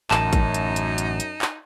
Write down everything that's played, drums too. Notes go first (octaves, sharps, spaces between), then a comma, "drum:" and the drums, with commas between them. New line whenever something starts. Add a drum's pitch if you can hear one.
A1 F#2 D#4 A5, drum: clap
drum: kick, hi-hat
drum: hi-hat
drum: hi-hat
drum: hi-hat
drum: hi-hat
drum: clap